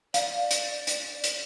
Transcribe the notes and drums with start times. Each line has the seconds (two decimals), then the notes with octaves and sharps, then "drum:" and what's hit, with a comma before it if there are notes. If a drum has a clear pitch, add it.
0.14 D5 F5, drum: hi-hat
0.51 drum: hi-hat
0.87 drum: hi-hat
1.24 drum: hi-hat